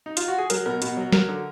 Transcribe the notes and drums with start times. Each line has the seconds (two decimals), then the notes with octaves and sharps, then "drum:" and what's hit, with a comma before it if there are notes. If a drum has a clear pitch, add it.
0.06 D#4
0.17 F4, drum: hi-hat
0.28 F#4
0.38 G#4
0.50 F#3 A#4, drum: hi-hat
0.66 B2 A#4
0.82 B2, drum: hi-hat
0.97 F#3
1.12 F#3 A#4, drum: snare
1.28 D3